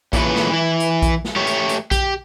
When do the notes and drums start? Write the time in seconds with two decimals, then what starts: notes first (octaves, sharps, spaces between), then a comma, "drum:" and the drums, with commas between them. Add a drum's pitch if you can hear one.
0.13 A#2 C#3 E3 A3 B4, drum: kick A#1, hi-hat
0.36 drum: snare
0.51 E3 E4
0.80 drum: hi-hat
1.02 drum: kick A#1, hi-hat
1.25 drum: snare
1.36 A3 G4 C#5
1.47 drum: hi-hat
1.69 drum: hi-hat
1.91 G4, drum: kick A#1, hi-hat